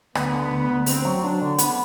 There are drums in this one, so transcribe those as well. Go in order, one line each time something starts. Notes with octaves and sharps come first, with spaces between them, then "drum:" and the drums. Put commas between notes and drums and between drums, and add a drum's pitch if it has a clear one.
D2 B3, drum: rim click
D3
D2
D2
D2 C4, drum: open hi-hat
F#3
F#3 D4
D3
B3, drum: hi-hat